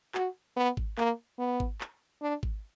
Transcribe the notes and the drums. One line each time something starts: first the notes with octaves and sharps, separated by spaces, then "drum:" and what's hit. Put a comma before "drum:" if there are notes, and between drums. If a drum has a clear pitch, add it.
F#4, drum: clap
B3
drum: kick G#1
A#3, drum: clap
B3
drum: kick G#1
drum: clap
D4
drum: kick G#1